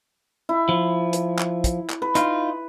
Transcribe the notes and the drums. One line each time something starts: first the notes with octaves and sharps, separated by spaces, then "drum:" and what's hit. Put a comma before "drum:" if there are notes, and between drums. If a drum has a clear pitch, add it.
E4
F3
drum: hi-hat
drum: clap
drum: kick, hi-hat
drum: clap
B4
D#4 F4, drum: hi-hat